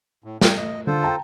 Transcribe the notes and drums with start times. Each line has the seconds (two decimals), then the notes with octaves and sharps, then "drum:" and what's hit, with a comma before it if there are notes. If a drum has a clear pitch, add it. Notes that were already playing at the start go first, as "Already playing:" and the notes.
0.24 A2
0.41 G5, drum: snare
0.57 D#5
0.87 D3 F4 A4 C5
1.03 G5 A5 A#5